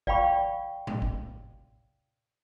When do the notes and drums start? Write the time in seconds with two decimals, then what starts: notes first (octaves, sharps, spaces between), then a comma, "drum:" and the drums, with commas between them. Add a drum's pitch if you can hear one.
0.07 D5 F5 G5 B5 C#6, drum: kick
0.87 drum: tom A2
1.02 drum: kick